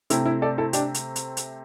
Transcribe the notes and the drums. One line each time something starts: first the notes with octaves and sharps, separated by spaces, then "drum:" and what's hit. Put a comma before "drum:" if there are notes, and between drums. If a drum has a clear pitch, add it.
C3 A3 C4 E4, drum: hi-hat
E4
A4 D5
E4 A4
D4 G4, drum: hi-hat
drum: hi-hat
drum: hi-hat
drum: hi-hat